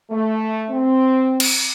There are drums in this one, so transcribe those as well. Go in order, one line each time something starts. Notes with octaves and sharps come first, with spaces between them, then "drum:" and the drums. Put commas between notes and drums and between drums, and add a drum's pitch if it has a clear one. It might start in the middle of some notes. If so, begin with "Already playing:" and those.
A3
C4
drum: cymbal